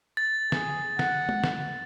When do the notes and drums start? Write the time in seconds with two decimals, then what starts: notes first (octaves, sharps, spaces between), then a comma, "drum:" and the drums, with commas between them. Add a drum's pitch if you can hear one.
0.17 A6
0.52 G#4, drum: snare
0.99 F#5, drum: snare
1.29 drum: tom G#3
1.44 drum: snare